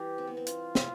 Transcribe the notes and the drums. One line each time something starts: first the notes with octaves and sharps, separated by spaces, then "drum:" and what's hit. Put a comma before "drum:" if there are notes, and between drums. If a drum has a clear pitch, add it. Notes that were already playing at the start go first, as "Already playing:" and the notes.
Already playing: E3 G3 G4
C4
B3
C4
F4, drum: hi-hat
drum: snare